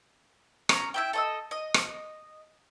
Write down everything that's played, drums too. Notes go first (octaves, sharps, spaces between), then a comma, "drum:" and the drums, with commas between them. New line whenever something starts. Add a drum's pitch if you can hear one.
C#4 A#5, drum: rim click
E4 E5 G5
A4 D#5 E6
D#5
drum: rim click